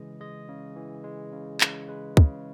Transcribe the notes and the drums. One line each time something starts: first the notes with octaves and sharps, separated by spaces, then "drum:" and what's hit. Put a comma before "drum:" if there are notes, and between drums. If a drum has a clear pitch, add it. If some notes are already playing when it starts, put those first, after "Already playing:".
Already playing: C#3 E3 G#3 D#5
G#3 D#5
C#3
E3
G#3
C#3
C#3, drum: clap
G#3 B4
C#3, drum: kick